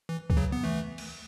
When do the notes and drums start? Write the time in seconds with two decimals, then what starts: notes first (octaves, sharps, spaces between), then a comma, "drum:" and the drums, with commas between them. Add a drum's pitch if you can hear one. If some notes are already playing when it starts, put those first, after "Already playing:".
0.09 E3
0.30 E3, drum: kick
0.37 C#3 F#3
0.52 B3
0.64 E3 A3
0.98 drum: cymbal